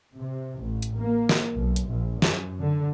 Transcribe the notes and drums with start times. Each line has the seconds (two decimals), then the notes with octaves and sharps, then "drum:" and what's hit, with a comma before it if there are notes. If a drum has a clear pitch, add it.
0.17 C3
0.59 A1
0.82 drum: hi-hat
0.98 A#3
1.29 drum: snare
1.57 B1
1.76 drum: hi-hat
1.88 A#1
2.22 F#2, drum: snare
2.61 D3